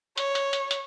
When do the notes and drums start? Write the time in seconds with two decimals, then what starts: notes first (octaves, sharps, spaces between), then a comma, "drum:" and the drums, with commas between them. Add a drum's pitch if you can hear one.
0.18 C#5, drum: hi-hat
0.35 drum: hi-hat
0.53 drum: hi-hat
0.71 drum: hi-hat